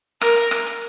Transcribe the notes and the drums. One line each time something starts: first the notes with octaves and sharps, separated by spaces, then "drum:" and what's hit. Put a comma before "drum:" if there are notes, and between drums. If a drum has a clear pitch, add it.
A#4, drum: rim click
drum: hi-hat
drum: rim click
drum: hi-hat